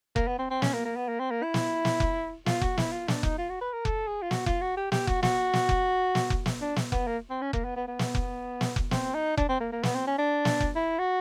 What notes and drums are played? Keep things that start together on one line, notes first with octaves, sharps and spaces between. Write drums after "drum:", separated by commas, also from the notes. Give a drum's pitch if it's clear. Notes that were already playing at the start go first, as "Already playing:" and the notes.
A#3, drum: kick F1
B3
C4
C4
C#4, drum: snare
A#3
A#3
B3
A#3
C4
A#3
E4
drum: snare
drum: snare
drum: kick F1
F4, drum: snare
F#4, drum: kick F1
E4, drum: snare
F4
D4, drum: snare
D#4, drum: kick F1
F4
F#4
B4
A#4
A4, drum: kick F1
G#4
F4
F#4, drum: snare
F4, drum: kick F1
F#4
G4
G4, drum: snare
F#4, drum: kick F1
F#4, drum: snare
drum: snare
drum: kick F1
drum: snare
drum: kick F1
drum: snare
D4
drum: snare
B3, drum: kick F1
A#3
C4
C#4
A#3, drum: kick F1
B3
B3
B3
drum: snare
drum: kick F1
drum: snare
drum: kick F1
C4, drum: snare
D#4
D4, drum: kick F1
C4
A#3
A#3
B3, drum: snare
C4
C#4
D4
drum: snare
drum: kick F1
E4
F#4